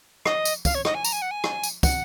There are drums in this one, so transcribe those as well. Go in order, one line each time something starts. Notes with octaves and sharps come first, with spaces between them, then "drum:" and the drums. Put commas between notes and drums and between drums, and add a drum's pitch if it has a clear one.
D#5, drum: rim click
drum: tambourine
F5, drum: kick, tambourine
C#5
D#5, drum: rim click
G#5
A#5, drum: tambourine
G#5
F#5
G#5
drum: rim click
drum: tambourine
F#5, drum: kick, tambourine